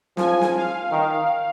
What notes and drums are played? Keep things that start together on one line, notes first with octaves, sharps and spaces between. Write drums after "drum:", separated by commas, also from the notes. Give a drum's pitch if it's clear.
F3 G#5, drum: snare
drum: snare
F5
D#3